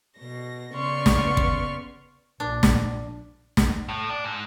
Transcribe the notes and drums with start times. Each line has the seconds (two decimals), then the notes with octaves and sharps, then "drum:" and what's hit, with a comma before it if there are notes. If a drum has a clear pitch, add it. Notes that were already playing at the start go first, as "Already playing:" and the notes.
0.18 B2 A#6
0.75 C#3 B3 D5 C6 C#6 F6
1.06 drum: snare
1.37 drum: kick
2.40 A#1 D4
2.63 drum: snare
3.57 drum: snare
3.89 A2
4.09 D4
4.24 G#2